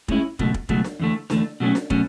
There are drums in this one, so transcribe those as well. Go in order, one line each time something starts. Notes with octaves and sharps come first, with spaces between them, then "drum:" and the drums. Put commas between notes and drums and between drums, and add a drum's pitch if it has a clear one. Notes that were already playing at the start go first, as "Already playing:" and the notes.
A2 G#3 C#4 E4, drum: kick
C#2 B2 F#3 A3, drum: kick
drum: kick
C#2 B2 F#3 A3, drum: kick
drum: snare D4
E2 D3 A3
E2 D3 A3, drum: snare D4
B2 F#3 A3 C#4
drum: snare D4
B2 F#3 A3 C#4, drum: kick